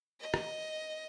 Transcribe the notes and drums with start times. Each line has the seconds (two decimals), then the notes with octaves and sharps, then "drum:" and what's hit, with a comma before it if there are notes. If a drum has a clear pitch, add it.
0.21 D#5
0.34 drum: rim click